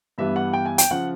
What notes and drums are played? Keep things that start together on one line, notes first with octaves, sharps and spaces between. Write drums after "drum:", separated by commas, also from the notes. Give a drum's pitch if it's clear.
G2 E3 G3 B3 E5
F#5
G5
G#5
G5, drum: hi-hat
C#3 F3 F#5